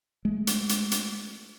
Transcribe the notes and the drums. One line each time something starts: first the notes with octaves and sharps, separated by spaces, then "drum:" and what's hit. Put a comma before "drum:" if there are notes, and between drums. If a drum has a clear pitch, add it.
G#3 A3
drum: hi-hat
drum: hi-hat
drum: hi-hat